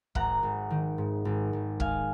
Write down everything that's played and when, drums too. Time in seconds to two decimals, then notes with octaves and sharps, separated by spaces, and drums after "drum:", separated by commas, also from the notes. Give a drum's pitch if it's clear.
0.15 G#1 F#5 A#5, drum: kick
0.43 G#1
0.70 D#3
0.98 G#2
1.25 G#1
1.53 G#1
1.80 G#3 F5 G#5, drum: kick